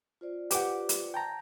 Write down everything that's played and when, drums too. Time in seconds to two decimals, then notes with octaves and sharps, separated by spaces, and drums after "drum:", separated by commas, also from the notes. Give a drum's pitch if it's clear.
0.21 F4 C5 D5
0.51 G4 B4 F#5 D6, drum: hi-hat
0.89 drum: hi-hat
1.14 G5 A5 A#5